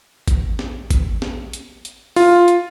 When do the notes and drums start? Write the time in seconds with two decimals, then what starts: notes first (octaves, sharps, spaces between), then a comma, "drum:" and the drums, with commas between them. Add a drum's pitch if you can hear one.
0.28 drum: kick, hi-hat
0.59 drum: snare
0.90 drum: kick, hi-hat
1.22 drum: snare
1.53 drum: hi-hat
1.85 drum: hi-hat
2.16 F4, drum: open hi-hat
2.48 drum: hi-hat